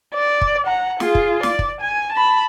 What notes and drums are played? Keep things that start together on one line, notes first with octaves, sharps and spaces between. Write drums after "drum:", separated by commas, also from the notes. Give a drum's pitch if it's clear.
D5
drum: kick
F#5 A#5
F4 G#4, drum: snare
drum: kick
D5, drum: snare
drum: kick
G#5
A5 B5